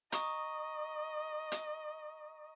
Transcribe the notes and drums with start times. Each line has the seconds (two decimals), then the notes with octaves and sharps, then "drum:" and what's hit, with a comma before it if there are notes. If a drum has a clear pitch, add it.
0.12 D#5 A#5 C#6 D#6, drum: hi-hat
1.52 drum: hi-hat